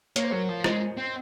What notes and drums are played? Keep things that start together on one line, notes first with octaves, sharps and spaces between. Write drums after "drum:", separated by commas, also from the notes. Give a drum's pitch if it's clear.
A#3 C#5, drum: hi-hat
C5
F#3 A#4 C#5
F3
G#3 C5 D#5, drum: rim click
C4